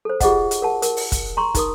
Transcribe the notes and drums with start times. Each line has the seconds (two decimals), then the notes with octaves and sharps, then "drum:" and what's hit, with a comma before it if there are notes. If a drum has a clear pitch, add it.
0.05 A4 C5
0.20 F4 G4 G#4 D#5 F#5, drum: kick, hi-hat
0.51 drum: hi-hat
0.62 A#4 F#5 A5
0.82 A#4, drum: hi-hat
0.97 drum: open hi-hat
1.12 drum: kick, hi-hat
1.37 A#5 C6 C#6
1.55 D#4 A#4 D#6, drum: kick, hi-hat